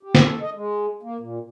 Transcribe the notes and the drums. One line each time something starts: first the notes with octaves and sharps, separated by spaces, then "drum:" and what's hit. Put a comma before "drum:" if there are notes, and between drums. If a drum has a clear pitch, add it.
G4
drum: snare
A4
D#5
G#3
A#3
A#2